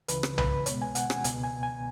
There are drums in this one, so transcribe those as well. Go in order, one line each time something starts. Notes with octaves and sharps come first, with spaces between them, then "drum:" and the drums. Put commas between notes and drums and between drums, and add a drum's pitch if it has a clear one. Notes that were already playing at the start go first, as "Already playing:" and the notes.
C#2 C#3 E3 B4, drum: hi-hat
drum: rim click
B4, drum: tom C2
B2 G#3 B3 C#5, drum: hi-hat
G#5
F#5, drum: hi-hat
G#5, drum: rim click
C#2 B2 B3 G#5, drum: hi-hat
G#5
G#5